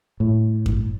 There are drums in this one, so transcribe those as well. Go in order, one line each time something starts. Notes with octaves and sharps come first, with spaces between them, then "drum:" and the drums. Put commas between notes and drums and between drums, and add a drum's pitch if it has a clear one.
A2
drum: kick F#2